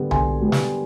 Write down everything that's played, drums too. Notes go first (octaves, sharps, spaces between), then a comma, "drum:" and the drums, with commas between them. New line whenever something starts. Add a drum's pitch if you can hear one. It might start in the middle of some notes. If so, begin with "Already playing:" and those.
Already playing: D3 G3 B3
D3 G#5 C6, drum: tom B1
G3 B3
drum: snare